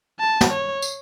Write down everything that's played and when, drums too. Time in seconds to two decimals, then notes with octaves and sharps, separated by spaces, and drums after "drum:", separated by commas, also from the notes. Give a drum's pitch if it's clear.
0.20 A5
0.41 drum: snare
0.51 C#5
0.82 drum: tambourine